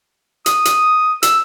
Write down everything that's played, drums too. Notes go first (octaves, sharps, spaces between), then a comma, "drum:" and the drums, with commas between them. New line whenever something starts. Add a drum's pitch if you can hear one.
D#6, drum: hi-hat
drum: hi-hat
E6, drum: hi-hat